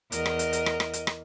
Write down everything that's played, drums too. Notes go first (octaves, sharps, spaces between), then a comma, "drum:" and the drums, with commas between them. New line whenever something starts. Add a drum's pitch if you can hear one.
E2 A#4 D#5, drum: hi-hat
drum: rim click
drum: hi-hat
drum: hi-hat
drum: rim click
drum: rim click
drum: hi-hat
drum: rim click